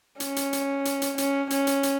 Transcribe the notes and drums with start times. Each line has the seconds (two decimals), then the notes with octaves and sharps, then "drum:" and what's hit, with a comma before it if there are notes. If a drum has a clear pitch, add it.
0.20 C#4, drum: hi-hat
0.36 drum: hi-hat
0.53 drum: hi-hat
0.85 drum: hi-hat
1.02 drum: hi-hat
1.18 C#4, drum: hi-hat
1.50 C#4, drum: hi-hat
1.67 drum: hi-hat
1.83 drum: hi-hat